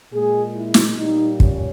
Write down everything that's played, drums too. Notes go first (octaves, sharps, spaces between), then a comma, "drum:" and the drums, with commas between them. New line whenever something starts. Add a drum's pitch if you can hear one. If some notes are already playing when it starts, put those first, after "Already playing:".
A#2 G#3 G#4
E4
drum: snare
A#2 G3 A#3 D#4
C#4, drum: kick